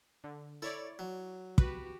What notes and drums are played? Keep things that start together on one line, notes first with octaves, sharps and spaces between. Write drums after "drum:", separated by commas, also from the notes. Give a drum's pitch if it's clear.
D3
E4 A4 C#5 D5
F#3
F#4 G4 B4, drum: kick